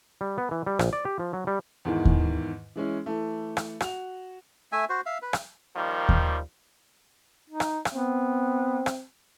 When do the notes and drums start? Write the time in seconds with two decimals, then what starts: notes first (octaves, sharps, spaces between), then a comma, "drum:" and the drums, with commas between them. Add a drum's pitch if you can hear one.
0.21 G3
0.38 B3
0.51 E3
0.66 G3
0.79 A#1, drum: rim click
0.93 D5
1.05 G4
1.19 F3
1.33 F#3
1.47 G3
1.85 E2 G#2 D#3 E3
2.05 drum: kick D#2
2.76 E3 G#3 C#4 E4
3.06 E3 A3
3.57 drum: rim click
3.80 F#4 F7, drum: rim click
4.72 A3 E5 G#5
4.89 F#4 C5
5.06 E5 F5
5.22 B4
5.33 drum: rim click
5.76 D#3 F3 G3 A#3
6.09 drum: kick D#2
7.50 D#4
7.60 drum: rim click
7.85 drum: rim click
7.94 B3 C4
8.86 drum: rim click